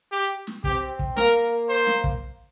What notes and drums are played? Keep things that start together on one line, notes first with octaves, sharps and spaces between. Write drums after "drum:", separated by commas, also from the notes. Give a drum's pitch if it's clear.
G4
drum: snare
C4 G4, drum: kick
drum: kick
A#3 A#4, drum: snare
C5
drum: snare
drum: kick